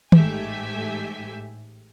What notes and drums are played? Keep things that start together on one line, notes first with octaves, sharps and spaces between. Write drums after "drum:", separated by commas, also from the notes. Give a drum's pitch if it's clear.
A1 G#2 A3 G4 E5 G#5, drum: tom D#3